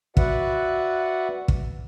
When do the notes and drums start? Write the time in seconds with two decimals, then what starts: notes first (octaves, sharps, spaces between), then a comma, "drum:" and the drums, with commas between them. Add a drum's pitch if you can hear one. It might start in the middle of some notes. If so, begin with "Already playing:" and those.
0.17 F#4 B4 D5 E5 F#5, drum: kick
1.48 drum: kick